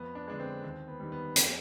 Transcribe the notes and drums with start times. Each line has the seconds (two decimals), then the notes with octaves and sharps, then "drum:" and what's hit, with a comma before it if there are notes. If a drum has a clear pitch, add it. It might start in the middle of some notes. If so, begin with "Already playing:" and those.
Already playing: F2 B3
0.15 D4
0.27 D3 G#3 D4
0.40 C4
0.64 D#2 C4
0.88 B3
1.00 D#3 G3
1.12 B3
1.36 F2 C4, drum: hi-hat